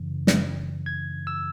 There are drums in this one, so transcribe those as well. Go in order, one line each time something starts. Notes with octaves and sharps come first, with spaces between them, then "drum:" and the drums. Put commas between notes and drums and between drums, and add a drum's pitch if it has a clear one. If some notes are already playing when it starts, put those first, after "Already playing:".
Already playing: F#2 C#3 E3
drum: snare
G#6
E6